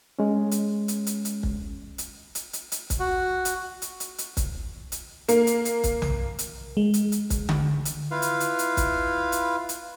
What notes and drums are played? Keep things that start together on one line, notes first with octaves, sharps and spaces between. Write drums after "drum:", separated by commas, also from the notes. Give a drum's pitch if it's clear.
G#3 C#4
drum: hi-hat
drum: hi-hat
drum: hi-hat
drum: hi-hat
drum: kick
drum: hi-hat
drum: hi-hat
drum: hi-hat
drum: hi-hat
drum: kick, hi-hat
F#4
drum: hi-hat
drum: hi-hat
drum: hi-hat
drum: hi-hat
drum: kick, hi-hat
drum: hi-hat
A#3, drum: hi-hat
drum: hi-hat
drum: hi-hat
drum: kick, hi-hat
drum: tom B1
drum: hi-hat
G#3
drum: hi-hat
drum: hi-hat
drum: kick, hi-hat
drum: tom D3
drum: hi-hat
E4 F4 B4 F5
drum: hi-hat
drum: hi-hat
drum: hi-hat
drum: kick, hi-hat
drum: hi-hat
drum: hi-hat